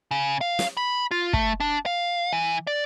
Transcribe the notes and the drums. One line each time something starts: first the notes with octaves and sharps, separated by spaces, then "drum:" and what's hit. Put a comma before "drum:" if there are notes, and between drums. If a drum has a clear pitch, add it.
C#3
F5
drum: snare
B5
F4
A3, drum: kick
D4
F5
E3
D5